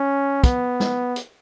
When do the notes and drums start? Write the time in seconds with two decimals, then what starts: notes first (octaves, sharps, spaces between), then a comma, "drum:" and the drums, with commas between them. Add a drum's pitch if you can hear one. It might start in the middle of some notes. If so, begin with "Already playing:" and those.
Already playing: C#4
0.44 B3, drum: kick, hi-hat
0.80 drum: snare
1.16 drum: hi-hat